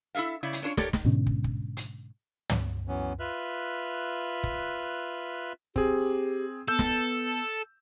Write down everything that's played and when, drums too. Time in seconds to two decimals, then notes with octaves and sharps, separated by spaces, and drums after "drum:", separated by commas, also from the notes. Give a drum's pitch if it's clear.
0.15 E4 G4 A4 E5 F5
0.43 C#3 E4 C#5 D5
0.53 drum: hi-hat
0.62 C#4 D4 F4 C5 C#5
0.77 G4 A4 A#4 C#5 D5, drum: snare
0.93 drum: snare
1.05 G#2 B2 D3 C#4
1.26 drum: kick
1.44 drum: kick
1.77 drum: hi-hat
2.50 drum: tom
2.88 E3 F#3 B3 C#4
3.20 F4 B4 E5 F6 F#6
4.43 drum: kick
5.76 C4 G4 G#4, drum: kick
6.68 B3 A4 E6 G6
6.79 drum: snare